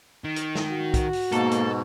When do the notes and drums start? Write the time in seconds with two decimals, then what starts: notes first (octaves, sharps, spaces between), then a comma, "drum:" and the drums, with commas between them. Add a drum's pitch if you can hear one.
0.24 D#3
0.36 drum: hi-hat
0.55 drum: snare
0.71 F#4
0.94 drum: kick, hi-hat
1.13 drum: open hi-hat
1.32 G#2 B2 A#3 A4, drum: hi-hat
1.51 drum: hi-hat